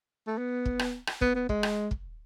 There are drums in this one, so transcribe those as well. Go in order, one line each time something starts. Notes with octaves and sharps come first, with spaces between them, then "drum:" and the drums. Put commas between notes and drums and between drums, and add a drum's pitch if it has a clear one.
A3
B3
drum: kick
drum: rim click
drum: rim click
B3, drum: kick
B3
G#3, drum: kick
drum: rim click
drum: kick